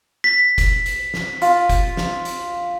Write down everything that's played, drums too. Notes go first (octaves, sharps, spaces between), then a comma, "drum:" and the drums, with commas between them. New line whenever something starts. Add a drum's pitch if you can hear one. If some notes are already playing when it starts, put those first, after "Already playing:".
B6
drum: kick F1, hi-hat
drum: hi-hat
drum: snare
F4, drum: hi-hat
drum: kick F1, hi-hat
drum: snare
drum: hi-hat